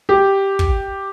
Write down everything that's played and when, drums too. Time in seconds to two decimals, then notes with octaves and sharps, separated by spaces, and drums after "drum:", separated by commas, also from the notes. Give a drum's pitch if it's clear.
0.09 G4
0.59 drum: kick